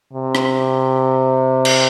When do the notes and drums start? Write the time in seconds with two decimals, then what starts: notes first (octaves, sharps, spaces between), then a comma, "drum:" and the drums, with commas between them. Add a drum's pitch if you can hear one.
0.13 C3
0.35 drum: rim click
1.65 drum: cymbal